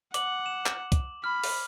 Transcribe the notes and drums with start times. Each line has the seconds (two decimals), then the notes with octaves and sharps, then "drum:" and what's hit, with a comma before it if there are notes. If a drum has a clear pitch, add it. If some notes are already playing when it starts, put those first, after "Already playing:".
0.14 F#5 D6 F#7, drum: hi-hat
0.46 E7
0.66 drum: clap
0.92 drum: kick, hi-hat
1.24 B5 F6
1.44 drum: open hi-hat